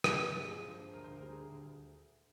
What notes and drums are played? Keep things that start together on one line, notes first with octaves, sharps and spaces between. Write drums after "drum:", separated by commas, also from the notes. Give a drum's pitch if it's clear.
G2 G#4, drum: rim click
G2
G#3
F3 G#4
G2
C5
G2
D2 A#4
D2 C5
A#4
G3 G#4
D3 G#4
D2
D2